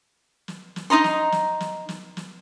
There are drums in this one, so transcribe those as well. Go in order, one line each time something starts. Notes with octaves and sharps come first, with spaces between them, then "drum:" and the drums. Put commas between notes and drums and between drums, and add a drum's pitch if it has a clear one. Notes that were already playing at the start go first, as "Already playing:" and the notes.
drum: snare
drum: snare
D#4 D#5 A#5 C6
drum: snare
drum: snare
drum: snare
drum: snare
drum: snare